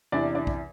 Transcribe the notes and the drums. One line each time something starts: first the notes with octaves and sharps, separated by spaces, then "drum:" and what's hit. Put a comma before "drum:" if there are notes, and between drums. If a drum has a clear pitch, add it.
E2 C3 E3 D4 D5
D4 D5
drum: kick